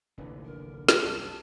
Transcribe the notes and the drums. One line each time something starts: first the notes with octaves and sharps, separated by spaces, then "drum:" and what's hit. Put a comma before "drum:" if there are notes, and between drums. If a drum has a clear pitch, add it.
F1 A#1 D#2 D3 E3 B4
A#4
E2 G#3 G4, drum: snare
D#1 C2 F#2 A5